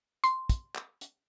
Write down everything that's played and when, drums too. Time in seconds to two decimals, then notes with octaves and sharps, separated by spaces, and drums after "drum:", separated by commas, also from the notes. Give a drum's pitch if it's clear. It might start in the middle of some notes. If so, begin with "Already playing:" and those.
0.24 C6, drum: hi-hat
0.49 drum: kick, hi-hat
0.75 drum: clap
1.01 drum: hi-hat